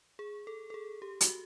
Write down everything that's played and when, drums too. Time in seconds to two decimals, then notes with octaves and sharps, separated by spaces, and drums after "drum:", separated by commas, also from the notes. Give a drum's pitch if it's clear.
0.19 G#4
0.47 A4
0.70 A4
0.74 G#4
1.02 G4
1.21 F#4, drum: hi-hat